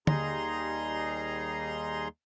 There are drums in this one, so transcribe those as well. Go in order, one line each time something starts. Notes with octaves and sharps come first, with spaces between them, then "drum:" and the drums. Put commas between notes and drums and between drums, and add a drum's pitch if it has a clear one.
D#2 G3 D#4 G#4 A#5 C6, drum: tom